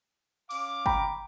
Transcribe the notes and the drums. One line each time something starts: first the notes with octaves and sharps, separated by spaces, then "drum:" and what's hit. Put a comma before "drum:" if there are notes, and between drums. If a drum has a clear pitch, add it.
C#4 F5 D6, drum: open hi-hat
G5 A#5 B5, drum: kick G1